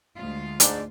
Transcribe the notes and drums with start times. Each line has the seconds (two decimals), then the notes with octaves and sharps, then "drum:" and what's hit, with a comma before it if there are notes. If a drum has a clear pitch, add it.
0.16 D2 G#3 F4
0.60 G#2 D4 D5, drum: hi-hat